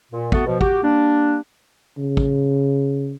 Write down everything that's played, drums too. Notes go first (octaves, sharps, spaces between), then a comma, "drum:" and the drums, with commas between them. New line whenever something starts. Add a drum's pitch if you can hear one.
A#2
A3 B3 F#4 A4 F#5, drum: kick
B2 F3
F#4 G4, drum: kick
G3 A#3 D4
C#3
drum: kick